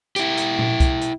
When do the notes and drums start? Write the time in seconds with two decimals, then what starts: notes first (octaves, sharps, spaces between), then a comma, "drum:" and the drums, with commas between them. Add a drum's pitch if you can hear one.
0.16 E4 G4, drum: hi-hat
0.38 drum: hi-hat
0.59 drum: tom A#2
0.80 drum: kick C2, hi-hat
1.02 drum: hi-hat